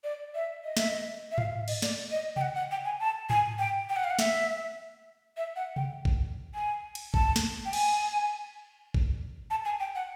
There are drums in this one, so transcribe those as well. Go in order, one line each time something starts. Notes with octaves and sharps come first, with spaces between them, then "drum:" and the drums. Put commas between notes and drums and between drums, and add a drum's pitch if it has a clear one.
D5
E5
D#5
E5, drum: snare
D#5
E5
F5, drum: tom G#2
D#5, drum: cymbal
D5, drum: snare
D#5
G5, drum: tom C3
F#5
F#5
G5
G#5
A5
G#5, drum: tom G#2
G5
G5
F#5
F5
F#5
E5, drum: snare
E5
F#5
G5, drum: tom C3
drum: kick
G#5
drum: cymbal
A5, drum: kick
drum: snare
G5
G#5, drum: cymbal
drum: kick
A5
G#5
G5
F#5